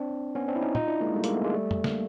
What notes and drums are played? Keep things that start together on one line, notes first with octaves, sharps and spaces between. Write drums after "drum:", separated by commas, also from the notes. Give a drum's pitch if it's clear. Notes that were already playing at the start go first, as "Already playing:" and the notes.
Already playing: C4 D4
B3 C#4
C4 D4
E4
C#4 D#4
D#4 F4, drum: tom
D4 E4
G#3 A#3
G3 A3
G#3 A#3, drum: hi-hat
A3 B3
G#3 A#3
G3 A3
drum: tom
A#3, drum: snare